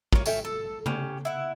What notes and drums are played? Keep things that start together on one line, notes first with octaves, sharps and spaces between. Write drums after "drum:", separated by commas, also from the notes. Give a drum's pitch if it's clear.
A#3 C#4, drum: kick
C#4 A4 E5 G5, drum: tambourine
A4
C#4 G4, drum: tom C#3
E4 F#5